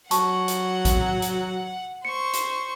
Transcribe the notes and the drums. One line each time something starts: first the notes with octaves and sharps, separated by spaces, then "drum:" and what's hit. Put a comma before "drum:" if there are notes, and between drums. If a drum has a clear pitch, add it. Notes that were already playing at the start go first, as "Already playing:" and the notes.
F#3 F#5 A5 C#6, drum: hi-hat
drum: hi-hat
drum: kick, hi-hat
drum: hi-hat
C5 C#6 C#7
drum: hi-hat